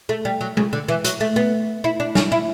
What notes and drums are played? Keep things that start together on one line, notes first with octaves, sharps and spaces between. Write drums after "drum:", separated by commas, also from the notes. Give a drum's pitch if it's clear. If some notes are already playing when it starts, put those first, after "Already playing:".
A3
G3
F#3
C#3, drum: tom G#3
D3
E3
F#3, drum: hi-hat
A3
B3
E4
D4
C#4, drum: snare
E4